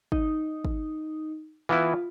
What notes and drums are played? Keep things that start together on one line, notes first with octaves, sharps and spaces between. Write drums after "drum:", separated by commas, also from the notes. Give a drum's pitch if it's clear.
D#4, drum: kick
drum: kick
E3 B3 E4 F4